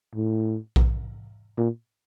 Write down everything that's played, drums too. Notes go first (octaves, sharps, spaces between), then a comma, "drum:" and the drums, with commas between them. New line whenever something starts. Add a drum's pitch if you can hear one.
A2
drum: kick A#1
A#2